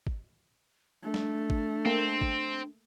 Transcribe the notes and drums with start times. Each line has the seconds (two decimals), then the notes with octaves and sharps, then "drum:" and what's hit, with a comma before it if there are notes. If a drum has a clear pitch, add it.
0.07 drum: kick G#1
1.04 A3 D4
1.14 drum: snare
1.50 drum: kick G#1
1.86 A#3 C4 A#4
2.21 drum: kick G#1